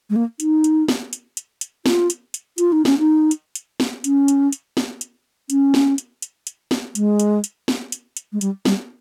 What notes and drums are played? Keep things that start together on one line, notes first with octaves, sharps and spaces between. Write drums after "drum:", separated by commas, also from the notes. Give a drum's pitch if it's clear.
G#3
A#3
D#4, drum: hi-hat
drum: hi-hat
drum: snare
drum: hi-hat
drum: hi-hat
drum: hi-hat
F4, drum: snare
drum: hi-hat
drum: hi-hat
F4, drum: hi-hat
D#4
C#4, drum: snare
D#4
drum: hi-hat
drum: hi-hat
drum: snare
C#4, drum: hi-hat
drum: hi-hat
drum: hi-hat
drum: snare
drum: hi-hat
C#4, drum: hi-hat
drum: snare
drum: hi-hat
drum: hi-hat
drum: hi-hat
drum: snare
G#3, drum: hi-hat
drum: hi-hat
drum: hi-hat
drum: snare
drum: hi-hat
drum: hi-hat
G#3
G3, drum: hi-hat
G3, drum: snare